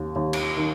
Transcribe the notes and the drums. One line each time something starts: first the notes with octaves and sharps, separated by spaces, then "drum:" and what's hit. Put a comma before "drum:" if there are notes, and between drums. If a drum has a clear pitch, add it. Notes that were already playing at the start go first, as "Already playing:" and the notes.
Already playing: D#2
D#2
drum: cymbal
D#3